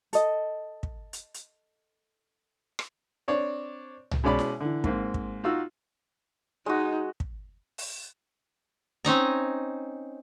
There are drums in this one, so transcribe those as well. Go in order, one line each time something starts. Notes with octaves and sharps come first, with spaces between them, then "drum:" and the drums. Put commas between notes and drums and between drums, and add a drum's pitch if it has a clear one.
A4 D#5, drum: hi-hat
drum: kick
drum: hi-hat
drum: hi-hat
drum: rim click
C4 D4 C#5 D5
drum: tom C2
B2 G#3 C#4 D5 B5
drum: snare E4
D3 E3
G#2 A#3 C4, drum: kick
drum: kick
D#4 F4 F#4 E6
G#3 D#4 F#4
drum: kick
drum: open hi-hat
C4 C#4 D#4 A#5